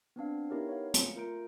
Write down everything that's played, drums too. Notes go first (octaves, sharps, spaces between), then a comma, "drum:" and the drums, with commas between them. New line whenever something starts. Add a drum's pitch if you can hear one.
B3 C4 D4 F5
B3 D#4 E4 G4 A#4 C#5
C#5 F5
C#7, drum: hi-hat
A3 F4 A#4 A#5 G6 D7